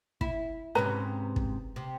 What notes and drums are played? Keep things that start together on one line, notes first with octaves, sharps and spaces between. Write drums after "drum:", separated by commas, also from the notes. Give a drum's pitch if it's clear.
E4, drum: kick
G#2 C3 C#4 B4 A#5
drum: kick
C3